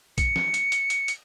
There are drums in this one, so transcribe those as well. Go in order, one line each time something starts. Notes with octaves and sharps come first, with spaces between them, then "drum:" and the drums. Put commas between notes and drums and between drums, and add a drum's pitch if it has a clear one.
C#7, drum: kick A#1, hi-hat
drum: snare
drum: hi-hat
drum: hi-hat
drum: hi-hat
drum: hi-hat